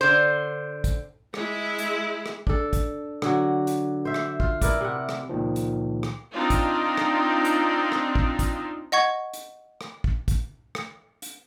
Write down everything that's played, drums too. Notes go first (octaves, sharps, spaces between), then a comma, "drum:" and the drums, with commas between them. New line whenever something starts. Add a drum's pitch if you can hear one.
D3 C5
drum: kick, hi-hat
G#3 E4, drum: rim click
drum: hi-hat
drum: rim click
D4 A4, drum: kick
drum: kick, hi-hat
D3 F#3 F#4, drum: rim click
drum: hi-hat
C5 E5
drum: rim click
F4, drum: kick
E4 A#4 B4 D5, drum: kick, hi-hat
C3 F#5
drum: rim click
C#2 A#2 D#3 F3
drum: hi-hat
drum: rim click
C4 D4 D#4 F4
drum: kick, hi-hat
drum: rim click
drum: hi-hat
drum: rim click
drum: kick
drum: kick, hi-hat
D#5 F#5 C#6 G#6
drum: hi-hat
drum: rim click
drum: kick
drum: kick, hi-hat
drum: rim click
drum: hi-hat